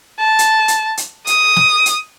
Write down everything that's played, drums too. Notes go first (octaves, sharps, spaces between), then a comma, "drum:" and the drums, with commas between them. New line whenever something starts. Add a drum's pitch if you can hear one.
A5
drum: hi-hat
drum: hi-hat
drum: hi-hat
D#6, drum: hi-hat
drum: snare
drum: hi-hat